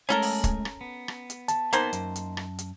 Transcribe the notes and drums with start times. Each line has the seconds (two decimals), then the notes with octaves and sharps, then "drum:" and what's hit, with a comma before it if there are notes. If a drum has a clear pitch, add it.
0.09 G#3 A3 C#4 A4 A#4 G#5
0.22 drum: open hi-hat
0.44 drum: kick, hi-hat
0.65 drum: rim click
0.81 B3
1.08 drum: rim click
1.30 drum: hi-hat
1.48 A5, drum: hi-hat
1.73 D#3 A#3 B3 D#4 C5, drum: hi-hat
1.93 F#2, drum: hi-hat
2.16 drum: hi-hat
2.37 drum: rim click
2.59 drum: hi-hat